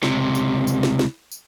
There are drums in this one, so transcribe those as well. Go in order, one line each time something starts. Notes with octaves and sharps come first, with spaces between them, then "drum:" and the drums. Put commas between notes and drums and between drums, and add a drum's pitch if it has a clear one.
C#2 C3, drum: snare
drum: tambourine
drum: tambourine
drum: snare
drum: snare
drum: tambourine